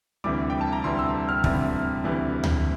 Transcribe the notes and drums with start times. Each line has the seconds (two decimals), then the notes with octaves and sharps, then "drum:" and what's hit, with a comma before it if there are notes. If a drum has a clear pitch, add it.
0.24 D2 C3 E3 G3 D6
0.50 G5
0.61 A5
0.73 A#5
0.84 D2 C3 E3 G3 C6
0.99 E6
1.29 F6
1.44 D2 C3 E3 G3, drum: kick
2.04 D2 C3 E3 G3
2.44 drum: tom D2